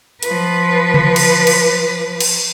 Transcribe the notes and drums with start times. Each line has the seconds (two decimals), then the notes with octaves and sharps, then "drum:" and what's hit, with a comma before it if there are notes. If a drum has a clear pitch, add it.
0.23 F3 B4, drum: hi-hat
0.94 drum: tom C#3
1.16 drum: cymbal
1.47 drum: cymbal
2.20 drum: cymbal